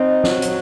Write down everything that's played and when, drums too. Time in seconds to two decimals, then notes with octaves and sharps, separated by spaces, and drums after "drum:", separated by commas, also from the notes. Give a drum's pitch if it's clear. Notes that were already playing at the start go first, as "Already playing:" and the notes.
Already playing: C4 D#4
0.24 F#3, drum: snare
0.42 drum: hi-hat